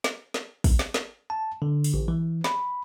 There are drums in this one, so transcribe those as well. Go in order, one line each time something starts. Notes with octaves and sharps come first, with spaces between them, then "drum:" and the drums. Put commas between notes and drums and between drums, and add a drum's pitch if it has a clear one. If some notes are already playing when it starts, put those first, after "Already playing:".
drum: snare
drum: snare
drum: kick, open hi-hat
drum: snare
drum: snare
A5
D3
drum: open hi-hat
A1
E3
B5, drum: snare